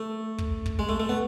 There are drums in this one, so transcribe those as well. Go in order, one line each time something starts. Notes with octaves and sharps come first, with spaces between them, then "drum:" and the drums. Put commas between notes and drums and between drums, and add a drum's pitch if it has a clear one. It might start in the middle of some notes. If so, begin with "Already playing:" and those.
Already playing: A3
drum: kick
drum: kick
G#3
A3
A3
B3